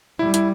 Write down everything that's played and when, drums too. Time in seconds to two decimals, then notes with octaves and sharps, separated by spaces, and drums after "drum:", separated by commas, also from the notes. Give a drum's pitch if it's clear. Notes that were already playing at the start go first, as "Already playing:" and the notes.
0.19 G3 E4
0.34 E4, drum: hi-hat